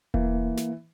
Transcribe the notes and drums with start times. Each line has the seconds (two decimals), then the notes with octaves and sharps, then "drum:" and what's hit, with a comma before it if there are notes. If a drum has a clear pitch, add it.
0.14 E3 A#3, drum: kick E1
0.57 drum: snare